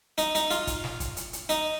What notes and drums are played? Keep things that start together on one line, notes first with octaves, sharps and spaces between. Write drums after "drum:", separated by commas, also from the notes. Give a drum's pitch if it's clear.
D#4, drum: hi-hat
D#4, drum: hi-hat
F4, drum: hi-hat
drum: kick, hi-hat
drum: snare
drum: kick, hi-hat
drum: hi-hat
drum: hi-hat
D#4, drum: hi-hat